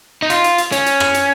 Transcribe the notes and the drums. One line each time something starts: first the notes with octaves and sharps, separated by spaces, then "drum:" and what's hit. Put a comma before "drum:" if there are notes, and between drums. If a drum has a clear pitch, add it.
D#4
F4, drum: hi-hat
drum: hi-hat
drum: hi-hat
C#4, drum: hi-hat
drum: hi-hat
drum: rim click
drum: hi-hat